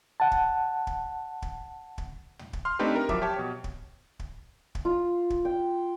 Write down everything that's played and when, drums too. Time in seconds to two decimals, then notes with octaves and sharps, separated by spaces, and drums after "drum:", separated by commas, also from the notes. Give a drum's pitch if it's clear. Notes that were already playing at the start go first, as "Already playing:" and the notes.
0.20 F#5 A5
0.32 drum: kick
0.87 drum: kick
1.42 drum: kick
1.98 drum: kick
2.39 drum: tom
2.53 drum: kick
2.65 C6 F6
2.79 A3 C4 D4 D#4 G4 B4
2.96 A#4
3.09 F3 F#3 E5 D6, drum: kick
3.22 G4 C#5 A5
3.36 B2 C#5
3.64 drum: kick
4.19 drum: kick
4.75 drum: kick
4.85 F4
5.30 drum: kick
5.45 G5